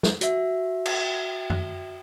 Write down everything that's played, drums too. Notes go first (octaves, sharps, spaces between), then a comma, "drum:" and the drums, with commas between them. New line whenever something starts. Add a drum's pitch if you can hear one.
drum: snare
F#4 E5, drum: hi-hat
drum: cymbal
drum: tom F#2